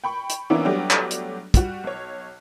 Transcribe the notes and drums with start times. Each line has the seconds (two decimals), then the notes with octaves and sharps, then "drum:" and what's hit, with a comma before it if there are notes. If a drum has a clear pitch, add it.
0.04 G5 B5 C#6
0.30 drum: hi-hat
0.50 E3 A#3 B3 C#4 D4 E4
0.65 F#3 G3 A3 B3 D4 G4
0.91 drum: clap
1.11 drum: hi-hat
1.54 G3 F#4, drum: kick, hi-hat
1.84 B1 C#5